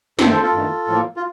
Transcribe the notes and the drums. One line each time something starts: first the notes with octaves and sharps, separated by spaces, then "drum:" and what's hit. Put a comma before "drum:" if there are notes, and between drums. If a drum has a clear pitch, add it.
G2 D#3 A3 A4 C5, drum: snare
A4 C5
F4 A4
G2 D#3 A3
A2 F3 A#3
F4